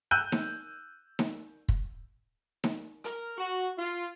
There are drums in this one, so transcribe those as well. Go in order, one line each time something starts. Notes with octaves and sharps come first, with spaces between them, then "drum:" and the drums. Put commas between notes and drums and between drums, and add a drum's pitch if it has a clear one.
E6 F#6 G6 D#7
drum: snare D#4
drum: snare D#4
drum: kick
drum: snare D#4
A#4, drum: hi-hat
F#4
F4